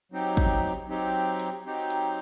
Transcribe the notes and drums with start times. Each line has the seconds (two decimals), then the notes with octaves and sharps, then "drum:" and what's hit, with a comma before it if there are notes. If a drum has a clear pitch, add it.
0.12 F#3 C4 D#4 G4
0.37 drum: kick, hi-hat
0.89 F#3 C4 D#4 G4
1.39 drum: hi-hat
1.65 F#3 C4 D#4 G4
1.90 drum: hi-hat